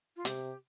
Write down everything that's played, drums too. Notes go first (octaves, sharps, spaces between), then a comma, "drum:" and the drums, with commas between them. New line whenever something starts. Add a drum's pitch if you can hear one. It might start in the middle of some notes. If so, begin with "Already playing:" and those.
F4
C3 G4, drum: hi-hat